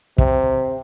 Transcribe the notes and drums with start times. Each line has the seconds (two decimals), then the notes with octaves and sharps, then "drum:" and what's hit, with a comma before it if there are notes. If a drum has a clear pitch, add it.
0.18 C3, drum: kick